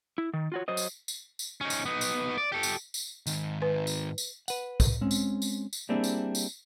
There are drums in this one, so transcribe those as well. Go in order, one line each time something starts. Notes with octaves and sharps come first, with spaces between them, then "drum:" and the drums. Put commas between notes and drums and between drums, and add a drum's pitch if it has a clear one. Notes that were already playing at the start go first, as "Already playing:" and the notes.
E4
D#3
F4 F#4 C#5
F#3 C5 D#5
drum: tambourine
drum: tambourine
drum: tambourine
C#4 D#4
drum: tambourine
B3 D#4
drum: tambourine
D5
G4 A4
drum: tambourine
drum: tambourine
G#2 D#3, drum: tambourine
B4
drum: tambourine
drum: tambourine
B4 F#5, drum: tambourine
drum: kick, tambourine
G#3 C4 C#4
drum: tambourine
drum: tambourine
drum: tambourine
G3 A#3 C4 D4 E4 G#4
drum: tambourine
drum: tambourine